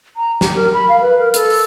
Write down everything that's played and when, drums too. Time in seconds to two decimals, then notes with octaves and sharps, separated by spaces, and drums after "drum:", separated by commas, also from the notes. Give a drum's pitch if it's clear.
0.17 A#5
0.41 G4, drum: snare
0.56 A#4
0.73 B5
0.89 F5
1.01 B4
1.19 A#4
1.34 A4, drum: hi-hat
1.50 drum: open hi-hat